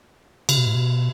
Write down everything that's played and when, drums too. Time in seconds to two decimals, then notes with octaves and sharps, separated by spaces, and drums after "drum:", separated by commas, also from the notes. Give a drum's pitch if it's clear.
0.49 C#3, drum: cymbal
0.57 B2
0.66 A2
0.75 B2